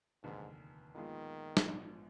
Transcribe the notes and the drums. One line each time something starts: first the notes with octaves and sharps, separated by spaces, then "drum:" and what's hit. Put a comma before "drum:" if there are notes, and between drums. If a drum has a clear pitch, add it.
F1 D#2 G#2 D3
A#1 A#2 D#3 G#3 B3 F4
drum: snare
A#1 G#2 F3 B3 D4